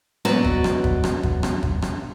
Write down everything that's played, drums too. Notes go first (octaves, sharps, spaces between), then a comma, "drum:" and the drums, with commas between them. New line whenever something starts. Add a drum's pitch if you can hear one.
F#3 B3 F#4 B4 D5 D#5, drum: rim click
drum: kick
drum: rim click
drum: kick
drum: rim click
drum: kick
drum: rim click
drum: kick
drum: rim click